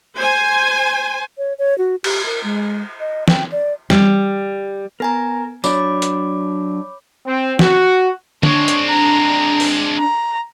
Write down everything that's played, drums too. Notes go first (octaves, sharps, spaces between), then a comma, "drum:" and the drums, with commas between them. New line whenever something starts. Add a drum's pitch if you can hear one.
C5 G#5
C#5
C#5
F#4
G4, drum: cymbal
A#4
G#3
D#5
G5, drum: snare
D5
G3, drum: snare
B3 A#4 G#5 A#5
F#3 D4 C#5 D5 B5 D6, drum: tambourine
drum: hi-hat
C4
F#4, drum: snare
G#3 C4 D4 C#5, drum: tom D3
drum: hi-hat
A#5
drum: open hi-hat
A#5